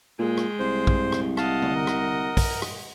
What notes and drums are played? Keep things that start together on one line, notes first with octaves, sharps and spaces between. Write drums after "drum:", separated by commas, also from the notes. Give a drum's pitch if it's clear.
A#2 G#3 G5
drum: rim click
C2 C5
drum: kick
drum: rim click
D#5 F5 F#5 A5, drum: rim click
drum: tom D3
A#4
drum: rim click
drum: kick, open hi-hat
drum: rim click